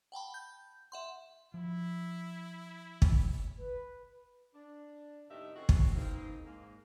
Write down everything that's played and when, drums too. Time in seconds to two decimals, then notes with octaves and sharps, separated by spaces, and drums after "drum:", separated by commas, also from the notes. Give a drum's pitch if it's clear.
0.12 F#5 G5 A5 B5
0.34 G6
0.92 E5 F#5 C6
1.54 F3 E4
3.02 drum: kick
3.57 B4
4.54 D4
5.29 D#2 A2 C3 D#3 G4 E5
5.56 C4 C#4 D#4 F#4 A4
5.69 drum: kick
5.95 C#3 E3 A#3 C4 D#4
6.44 G#2 A#3